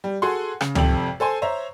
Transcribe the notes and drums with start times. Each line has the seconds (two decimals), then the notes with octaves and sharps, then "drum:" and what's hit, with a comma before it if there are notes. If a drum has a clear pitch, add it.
0.04 G3
0.22 F#4 G#4 A4 F#5 C6
0.61 C#3, drum: rim click
0.75 G#1 F2 C3 A4 G5 F#7, drum: tom C#2
1.20 A4 C5 G#5 C6
1.42 C5 C#5 E5 A#5